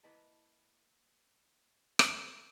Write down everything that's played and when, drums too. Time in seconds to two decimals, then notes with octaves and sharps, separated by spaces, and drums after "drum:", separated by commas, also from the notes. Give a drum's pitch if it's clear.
0.03 A#3 E4 B4 D#5 A5
1.99 drum: rim click